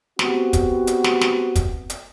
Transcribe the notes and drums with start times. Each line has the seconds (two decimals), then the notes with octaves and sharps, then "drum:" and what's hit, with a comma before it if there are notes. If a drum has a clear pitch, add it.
0.19 B3 C4 F#4 G4, drum: snare
0.53 drum: kick, hi-hat
0.87 drum: hi-hat
1.04 drum: snare
1.21 drum: snare
1.56 drum: kick, hi-hat
1.90 drum: hi-hat